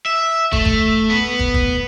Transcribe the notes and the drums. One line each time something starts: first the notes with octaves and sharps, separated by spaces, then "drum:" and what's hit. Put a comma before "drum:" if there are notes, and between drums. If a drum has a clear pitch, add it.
E5
A3, drum: kick
drum: kick
B3
drum: kick
drum: kick